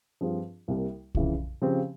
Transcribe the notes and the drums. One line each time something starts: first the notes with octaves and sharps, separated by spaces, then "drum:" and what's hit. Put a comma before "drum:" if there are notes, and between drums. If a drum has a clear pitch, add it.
G2 F3 C4 F4 G#4
C2 C3 G3 A#3
F2 C#3 E3, drum: kick
C#3 F3 C4 G4